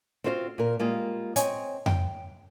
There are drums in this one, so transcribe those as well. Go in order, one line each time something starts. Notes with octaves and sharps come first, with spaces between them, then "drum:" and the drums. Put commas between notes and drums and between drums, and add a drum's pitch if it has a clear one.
C4 F4 F#4 C5 D#5 F5
A#2 A#4
G3 G#3 A#3 F4
C4 C#5 D#5 G#5, drum: hi-hat
G5, drum: tom F2